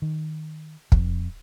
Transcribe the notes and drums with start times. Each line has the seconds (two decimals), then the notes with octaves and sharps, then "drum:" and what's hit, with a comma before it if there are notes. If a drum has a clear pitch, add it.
0.02 D#3
0.92 F2, drum: kick